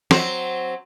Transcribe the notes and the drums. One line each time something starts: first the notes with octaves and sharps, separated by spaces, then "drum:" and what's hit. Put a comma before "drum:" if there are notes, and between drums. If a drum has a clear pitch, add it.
F#3 C4 C5, drum: snare